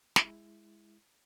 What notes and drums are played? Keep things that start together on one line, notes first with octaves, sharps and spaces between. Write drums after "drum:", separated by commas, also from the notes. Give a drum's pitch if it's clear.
G#3 E4, drum: snare